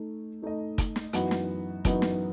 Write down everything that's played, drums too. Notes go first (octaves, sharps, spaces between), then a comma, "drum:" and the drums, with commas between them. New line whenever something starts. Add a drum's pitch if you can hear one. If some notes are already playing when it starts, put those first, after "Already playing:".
Already playing: A3 D#4 A4
A3 D#4 A4 D#5
drum: kick, hi-hat
drum: snare
F#2 E3 B3 D#4 F#4, drum: hi-hat
drum: snare
F#2 E3 B3 D#4 F#4, drum: kick, hi-hat
drum: snare